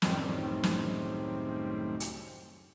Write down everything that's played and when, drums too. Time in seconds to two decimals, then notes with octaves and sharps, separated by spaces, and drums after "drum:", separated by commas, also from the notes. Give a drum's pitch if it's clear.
0.02 C#2 F#2 A2 D#3 G3 C4, drum: snare
0.63 drum: snare
2.00 drum: hi-hat